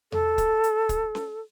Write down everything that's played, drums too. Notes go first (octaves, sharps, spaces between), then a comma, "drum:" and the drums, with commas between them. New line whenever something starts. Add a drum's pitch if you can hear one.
A4, drum: tom E2
drum: kick, hi-hat
drum: hi-hat
drum: kick, hi-hat
drum: snare C#4